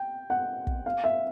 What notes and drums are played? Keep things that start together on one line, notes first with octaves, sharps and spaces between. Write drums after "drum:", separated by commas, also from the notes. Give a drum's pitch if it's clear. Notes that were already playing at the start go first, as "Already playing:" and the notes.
Already playing: G5
F#5
drum: kick
F5
E5